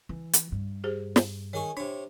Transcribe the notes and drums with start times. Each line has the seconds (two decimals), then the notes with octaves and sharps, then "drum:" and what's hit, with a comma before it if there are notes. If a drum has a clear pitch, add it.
0.09 E3
0.33 drum: hi-hat
0.52 G2
0.84 G4 G#4 C5
1.16 drum: snare
1.53 D#3 G#4 C#5 C#6
1.77 C3 D4 C#5